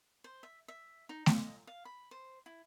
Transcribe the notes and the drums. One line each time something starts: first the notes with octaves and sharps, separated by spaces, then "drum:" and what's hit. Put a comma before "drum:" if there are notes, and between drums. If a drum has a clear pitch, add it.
C5
E5
E5
D#4
D#5, drum: snare A3
F5
B5
C5
E4